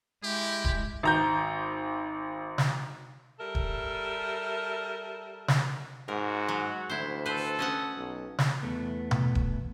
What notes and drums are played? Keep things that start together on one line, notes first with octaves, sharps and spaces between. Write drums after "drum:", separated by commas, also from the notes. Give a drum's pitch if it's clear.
G#3 E4 G4
drum: kick D#1
G#1 A#5 G6
drum: snare
G3 A4 A#4 E5
drum: kick D#1
drum: snare
G#2 F#4 A#4
F#3
D2 E4 C5
A4 B4 C5
C#4 D#5 F#5
B1
drum: snare
E2 A3 B3
drum: tom B2
drum: kick D#1